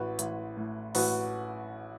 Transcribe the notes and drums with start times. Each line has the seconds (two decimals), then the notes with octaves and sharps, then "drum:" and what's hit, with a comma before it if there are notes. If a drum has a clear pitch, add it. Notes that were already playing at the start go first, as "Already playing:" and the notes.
Already playing: A1 F#4 B4
0.19 A1, drum: hi-hat
0.57 A2
0.95 A1 F#4 B4, drum: open hi-hat